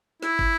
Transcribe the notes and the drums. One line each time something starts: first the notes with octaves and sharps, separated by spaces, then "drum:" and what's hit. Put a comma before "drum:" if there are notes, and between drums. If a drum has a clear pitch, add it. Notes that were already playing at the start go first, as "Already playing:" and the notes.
E4, drum: snare
drum: kick